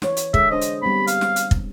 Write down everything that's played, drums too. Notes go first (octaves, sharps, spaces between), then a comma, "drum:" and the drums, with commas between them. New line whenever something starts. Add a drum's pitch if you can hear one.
E3 C#5, drum: snare
drum: hi-hat
D3 G#3 G#4 E5, drum: kick
D4 C5 D#5
drum: hi-hat
G3 B3 C4 B5
F5, drum: hi-hat
drum: snare
drum: hi-hat
drum: kick